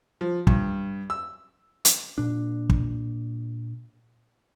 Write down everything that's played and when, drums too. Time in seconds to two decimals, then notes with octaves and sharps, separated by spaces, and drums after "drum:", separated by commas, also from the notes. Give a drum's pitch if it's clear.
0.21 F3
0.47 G2, drum: kick
1.10 E6
1.85 drum: hi-hat
2.18 A#2 D4
2.70 drum: kick